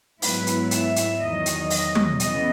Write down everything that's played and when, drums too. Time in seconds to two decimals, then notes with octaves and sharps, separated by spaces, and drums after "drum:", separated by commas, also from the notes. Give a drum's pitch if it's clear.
0.22 G#2 F#3 B3 E4 B4, drum: open hi-hat
0.47 drum: hi-hat
0.71 E5, drum: hi-hat
0.96 drum: hi-hat
1.21 E2 D#3 F#3 D#5
1.46 drum: hi-hat
1.70 D#5, drum: open hi-hat
1.95 drum: tom
2.20 C#3 E3 B3 D#5, drum: hi-hat